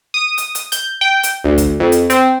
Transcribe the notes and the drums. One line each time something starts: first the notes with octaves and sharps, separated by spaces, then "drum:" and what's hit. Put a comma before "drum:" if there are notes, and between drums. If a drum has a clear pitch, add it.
D#6
drum: hi-hat
drum: hi-hat
G6, drum: hi-hat
G5
drum: hi-hat
D2
drum: kick, hi-hat
F2
drum: hi-hat
C4, drum: hi-hat